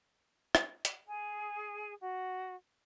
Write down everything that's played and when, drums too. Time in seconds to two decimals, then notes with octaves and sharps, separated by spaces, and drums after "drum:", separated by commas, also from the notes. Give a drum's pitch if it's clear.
0.55 drum: rim click
0.85 drum: hi-hat
1.06 G#4
2.01 F#4